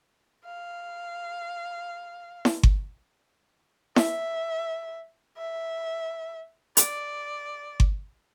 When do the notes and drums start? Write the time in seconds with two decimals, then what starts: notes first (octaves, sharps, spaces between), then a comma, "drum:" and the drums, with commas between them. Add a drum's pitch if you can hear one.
0.45 F5
2.45 drum: snare E4
2.63 drum: kick G1
3.96 E5, drum: snare E4
5.37 E5
6.77 D5, drum: hi-hat
7.80 drum: kick G1